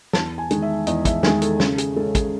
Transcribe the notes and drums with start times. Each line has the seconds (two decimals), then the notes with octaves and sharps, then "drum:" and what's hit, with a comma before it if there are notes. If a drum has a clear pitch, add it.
0.13 E2 A5, drum: snare
0.38 G#5
0.51 D#3 G#3, drum: hi-hat
0.62 E5
0.87 E2 D#5, drum: hi-hat
1.05 E5, drum: kick, hi-hat
1.23 D#3 G#3 G#5, drum: snare
1.42 A4, drum: hi-hat
1.60 C#3 A4, drum: snare
1.78 G#4, drum: hi-hat
1.97 G#3 C#4 A4
2.15 G#4, drum: kick, hi-hat